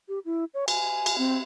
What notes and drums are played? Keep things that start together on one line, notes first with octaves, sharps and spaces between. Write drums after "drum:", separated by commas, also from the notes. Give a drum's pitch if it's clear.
G4
E4
C#5
G#5, drum: cymbal
drum: cymbal
C4